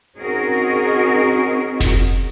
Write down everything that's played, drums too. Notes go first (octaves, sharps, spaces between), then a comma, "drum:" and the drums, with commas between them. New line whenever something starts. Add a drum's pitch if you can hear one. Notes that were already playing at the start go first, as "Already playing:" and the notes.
C4 C#4 D#4 F#4 G#4 A#4
drum: snare F1